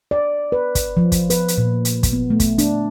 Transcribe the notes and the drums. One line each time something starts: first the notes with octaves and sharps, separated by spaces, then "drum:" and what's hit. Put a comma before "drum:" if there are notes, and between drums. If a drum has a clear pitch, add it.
D5
B4
drum: kick, hi-hat
F3
drum: kick, hi-hat
B4, drum: hi-hat
drum: hi-hat
A#2
drum: hi-hat
drum: kick, hi-hat
B3
A3
drum: kick, hi-hat
D4, drum: hi-hat